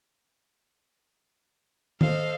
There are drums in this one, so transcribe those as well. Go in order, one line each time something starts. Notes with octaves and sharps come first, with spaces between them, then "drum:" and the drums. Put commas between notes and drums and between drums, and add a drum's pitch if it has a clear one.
A4 C5 D#5 F5, drum: tom D#3